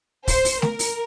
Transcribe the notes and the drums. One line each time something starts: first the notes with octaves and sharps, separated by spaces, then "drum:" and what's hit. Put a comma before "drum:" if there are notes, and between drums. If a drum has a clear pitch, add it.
C5, drum: kick, open hi-hat
drum: open hi-hat
A#4, drum: snare A3
drum: open hi-hat